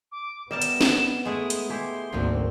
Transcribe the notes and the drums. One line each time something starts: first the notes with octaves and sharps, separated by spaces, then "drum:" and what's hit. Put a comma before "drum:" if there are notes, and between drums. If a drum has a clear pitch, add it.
D6
G3 B3 A#4 D#5 A5 E7
drum: hi-hat
drum: snare
G#3 A3 E4 D#6
drum: hi-hat
A3 E4 G4 G#4 C6
G#1 D2 D#3 F3 F#3 A#3 C4